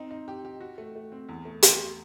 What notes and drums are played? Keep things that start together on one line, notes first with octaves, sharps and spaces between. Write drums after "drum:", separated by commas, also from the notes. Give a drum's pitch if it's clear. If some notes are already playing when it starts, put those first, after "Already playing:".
Already playing: C4 D#4
D#4
G4
G4
F#4
A3
A3
C4
E2
A3
E2, drum: hi-hat